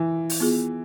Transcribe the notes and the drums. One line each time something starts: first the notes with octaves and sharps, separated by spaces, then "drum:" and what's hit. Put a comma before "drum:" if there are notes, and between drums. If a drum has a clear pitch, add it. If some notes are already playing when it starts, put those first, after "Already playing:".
Already playing: E3
drum: open hi-hat
B3 F4 G#4